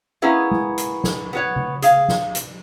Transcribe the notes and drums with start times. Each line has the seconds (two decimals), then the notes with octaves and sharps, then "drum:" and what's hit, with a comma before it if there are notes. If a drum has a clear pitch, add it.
0.22 A#3 B3 C#4 E4 G#4
0.51 drum: tom G#3
0.78 drum: hi-hat
1.04 drum: snare
1.33 B3 F#4 C#5
1.56 drum: tom C#3
1.82 G#4 F5, drum: hi-hat
2.09 drum: snare
2.35 drum: hi-hat